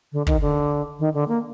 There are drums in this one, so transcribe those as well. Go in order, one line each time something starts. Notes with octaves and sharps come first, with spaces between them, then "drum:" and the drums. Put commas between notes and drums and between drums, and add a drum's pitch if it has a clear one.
D3
D#3, drum: kick
D3
D#3
D3
A#3